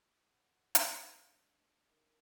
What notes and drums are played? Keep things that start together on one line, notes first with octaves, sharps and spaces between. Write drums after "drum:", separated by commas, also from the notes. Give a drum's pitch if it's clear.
F#5 B5
A#4 G#5, drum: hi-hat
A3 D4 F5
D#4 A#4 D#5 E5